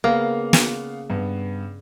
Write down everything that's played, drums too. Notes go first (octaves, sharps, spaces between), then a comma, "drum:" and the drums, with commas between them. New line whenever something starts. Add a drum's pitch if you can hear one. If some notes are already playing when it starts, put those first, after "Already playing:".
C#3 A#3 B3 F5
drum: snare
G2 B3